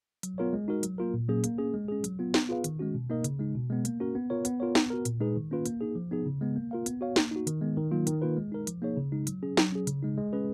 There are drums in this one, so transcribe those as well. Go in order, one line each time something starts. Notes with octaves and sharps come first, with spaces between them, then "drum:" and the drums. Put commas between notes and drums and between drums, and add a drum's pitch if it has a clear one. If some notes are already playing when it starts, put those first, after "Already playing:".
F#3, drum: hi-hat
B3 F4 A#4 C#5
G#3
D#4 F#4 A#4
F#3, drum: hi-hat
A#3 F4 A#4
A#2
F#3 A#3 C#4 G#4
A#3, drum: hi-hat
C#4 G#4
G#3
C#4 G#4
F#3, drum: hi-hat
B3 F4
B3, drum: snare
F4 G#4 B4 F5
D#3, drum: hi-hat
G#3 C#4 F#4
B2
A#3 D#4 A#4 D#5
C#3, drum: hi-hat
G#3 D#4
B2
G#3 B3
A#3, drum: hi-hat
C#4 F#4 A#4
B3
F4 A#4 C#5
B3, drum: hi-hat
F4 A#4 C#5
B3, drum: snare
F#4 A#4
A#2, drum: hi-hat
G#3 D#4 G#4 B4
D#3
A#3 C#4 F4 B4
A#3, drum: hi-hat
D#4 G#4
F3
B3 D#4 G#4
C#3
G#3 B3
A#3
F4 A#4 F5
B3, drum: hi-hat
F#4 C#5 F5
A#3, drum: snare
D#4 F#4
D#3, drum: hi-hat
G#3 B3
D#3
F#3 A#3 F4
D#3, drum: hi-hat
A#3 F4 B4
G#3
D#4 A#4
F3, drum: hi-hat
A#3 D#4 G#4 C#5
C#3
G#3 D#4
F#3, drum: hi-hat
C#4 G#4
F#3, drum: snare
C#4 G#4
C#3, drum: hi-hat
G#3 D#4
G#3
C#4 G#4 B4